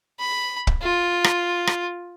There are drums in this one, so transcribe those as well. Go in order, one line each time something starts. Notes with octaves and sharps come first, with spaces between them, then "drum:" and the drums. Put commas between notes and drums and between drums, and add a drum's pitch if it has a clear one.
B5
drum: kick
F4
drum: rim click
drum: rim click